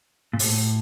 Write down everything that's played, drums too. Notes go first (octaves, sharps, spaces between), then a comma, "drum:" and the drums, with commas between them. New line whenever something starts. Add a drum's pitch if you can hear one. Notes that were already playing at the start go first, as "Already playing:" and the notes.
A#2
A2, drum: open hi-hat